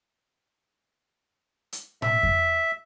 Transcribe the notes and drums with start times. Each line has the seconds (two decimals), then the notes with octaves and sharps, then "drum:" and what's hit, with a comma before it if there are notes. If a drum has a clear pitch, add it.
1.73 drum: hi-hat
2.02 E5, drum: tom A2
2.23 drum: kick F2